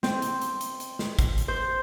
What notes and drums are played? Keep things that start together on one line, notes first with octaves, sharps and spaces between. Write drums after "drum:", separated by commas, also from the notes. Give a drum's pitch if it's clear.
C4, drum: snare
drum: hi-hat
drum: hi-hat
drum: hi-hat
drum: hi-hat
drum: snare
drum: kick G#1, hi-hat
drum: hi-hat
C5